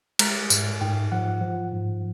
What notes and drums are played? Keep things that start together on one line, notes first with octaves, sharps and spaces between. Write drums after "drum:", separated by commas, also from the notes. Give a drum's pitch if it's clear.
G#3 A#5, drum: cymbal
G#2, drum: tambourine
G#2 G5
F3 F#5
F3
G#2